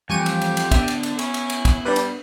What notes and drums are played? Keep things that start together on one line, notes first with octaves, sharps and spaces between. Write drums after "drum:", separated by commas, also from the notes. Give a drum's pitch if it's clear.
F2 E3 G3 A3 G4 G#5 C#6 D#7
drum: cymbal
drum: cymbal
drum: cymbal
D3 B3 E5, drum: kick, cymbal
drum: cymbal
drum: cymbal
C#4 E4, drum: cymbal
drum: cymbal
drum: cymbal
drum: kick, cymbal
G3 D4 B4
drum: cymbal